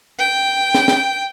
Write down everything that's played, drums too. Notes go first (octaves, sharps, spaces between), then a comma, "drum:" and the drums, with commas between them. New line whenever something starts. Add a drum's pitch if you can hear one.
G5
drum: snare
drum: snare